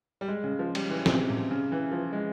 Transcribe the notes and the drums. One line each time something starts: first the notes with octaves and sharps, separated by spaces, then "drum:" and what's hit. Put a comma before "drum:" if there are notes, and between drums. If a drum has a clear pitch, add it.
G3
G#3
C#3
F3
G3, drum: cymbal
E3
C3, drum: snare
C#3
C3
C#3
E3
F3
G#3